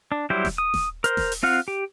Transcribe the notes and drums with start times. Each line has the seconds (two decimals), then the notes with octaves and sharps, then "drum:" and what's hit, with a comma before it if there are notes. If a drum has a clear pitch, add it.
0.12 D4
0.30 F#3 G3 E4 G4 C5
0.45 drum: snare D#1
0.58 D#6
0.74 drum: snare D#1
1.04 A#4 C5, drum: hi-hat
1.17 drum: snare D#1
1.32 drum: open hi-hat
1.43 C4 F4 F5 F#5
1.68 G4